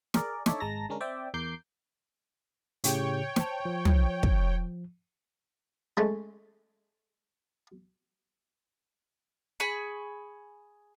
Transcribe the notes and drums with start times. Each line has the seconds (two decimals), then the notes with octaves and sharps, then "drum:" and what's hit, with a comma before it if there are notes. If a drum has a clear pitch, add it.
0.14 G#4 A#4 D5, drum: snare
0.46 D4 D#4 A4 C#5 D5 E5, drum: snare
0.60 G#1 G#3 A5 A#5 A#6
0.89 D3 G#3 C#4 D4 A#4
1.00 C4 D5 E5 G5
1.34 E2 A#4 D6 G6 C7
2.84 A2 C#3 G4 C#5 G5, drum: hi-hat
3.36 C5 A5, drum: snare
3.65 F3
3.85 drum: tom
4.23 drum: kick
5.97 G#3 A3 C#4
9.60 G#4 B5 C#6